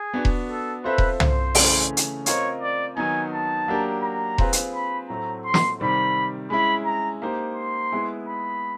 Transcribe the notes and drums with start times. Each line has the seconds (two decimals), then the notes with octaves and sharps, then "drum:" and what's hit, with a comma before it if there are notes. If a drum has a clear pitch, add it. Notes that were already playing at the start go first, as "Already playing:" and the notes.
Already playing: G#4
0.14 B3 D4 F#4
0.25 drum: kick E1
0.49 A4
0.84 C4 F4 A4 B4 C5 E5
0.98 drum: kick E1
1.20 C5, drum: tom
1.55 C#3 E3 A3 C#4, drum: open hi-hat
1.97 drum: hi-hat
2.26 C4 F4 A#4 C#5 D#5, drum: hi-hat
2.61 D5
2.97 D#3 F#3 B3 D#4 G#5
3.33 A5
3.68 F#3 A#3 D4 G4 A#4
4.03 A#5
4.38 C4 F4 G#4 B4, drum: kick E1
4.53 drum: hi-hat
4.74 B5
5.09 A2 F#3 A3 C4 A#5
5.45 C6
5.54 drum: snare
5.80 C3 D#3 G3 C4 B5
6.50 G#3 C#4 E4 B5
6.86 A#5
7.22 A#3 D#4 G4 C5
7.56 C6
7.92 G#3 B3 E4 G#4
8.28 B5